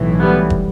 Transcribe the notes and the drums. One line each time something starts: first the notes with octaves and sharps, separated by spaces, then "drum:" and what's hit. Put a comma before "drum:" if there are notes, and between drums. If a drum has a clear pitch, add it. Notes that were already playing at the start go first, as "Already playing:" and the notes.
Already playing: B1 A2 E3
G3 B3
drum: kick